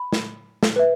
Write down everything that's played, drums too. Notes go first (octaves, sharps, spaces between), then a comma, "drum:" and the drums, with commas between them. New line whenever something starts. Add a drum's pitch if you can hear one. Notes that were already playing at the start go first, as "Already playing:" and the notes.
Already playing: B5
drum: snare
drum: snare
B4 E5